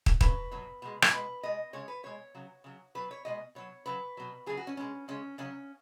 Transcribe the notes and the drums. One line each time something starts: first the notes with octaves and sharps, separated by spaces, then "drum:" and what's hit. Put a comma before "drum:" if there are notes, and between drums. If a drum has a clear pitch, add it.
drum: kick
C#3 F#3 B4, drum: kick
B2 F#3
B2 G#3
drum: rim click
B2 G#3 B4
B2 G#3 D#5
C#3 G#3 C#5
B4
B2 G#3 C#5
C#3 F#3
C#3 F#3
B2 F#3 B4
C#5
B2 G#3 D#5
B2 F#3 C#5
C#3 F#3 B4
B2 F#3
C#3 F#3 G#4
F#4
C#4
B2 G#3 C#4
C#3 G#3 C#4
C#3 F#3 C#4